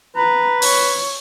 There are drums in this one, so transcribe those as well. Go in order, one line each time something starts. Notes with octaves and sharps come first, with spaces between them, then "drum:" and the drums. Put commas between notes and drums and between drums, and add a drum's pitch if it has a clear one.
B4 A#5
C#5, drum: open hi-hat